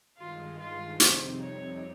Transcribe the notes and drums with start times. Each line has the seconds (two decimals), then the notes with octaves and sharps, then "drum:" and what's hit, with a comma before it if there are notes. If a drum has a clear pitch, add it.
0.17 G2 D#3 G#3 F4
0.59 F4
1.00 F2 C3 G3 C4 D#4 C5, drum: hi-hat
1.42 C#5